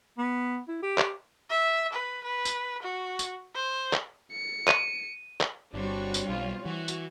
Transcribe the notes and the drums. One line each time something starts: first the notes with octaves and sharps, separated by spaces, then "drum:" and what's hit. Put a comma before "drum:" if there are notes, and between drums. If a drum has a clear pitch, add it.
B3
E4
G4
drum: clap
E5
B4
B4
drum: tambourine
F#4
drum: tambourine
C5
drum: clap
C#7
D#7, drum: clap
drum: clap
G1 G3 C4 D4 F#4 C#5
drum: tambourine
B1 F4
E3 F#4
drum: tambourine